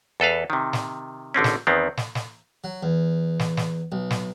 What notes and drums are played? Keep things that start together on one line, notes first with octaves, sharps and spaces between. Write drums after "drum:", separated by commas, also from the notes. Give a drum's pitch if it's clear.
E2 A4 B4 F5
C3 D#3
drum: snare
G#1 D3 C4 C#4
drum: snare
E2 D#3 B3 C4
drum: snare
drum: snare
F#3
E2
drum: snare
drum: snare
B1
drum: snare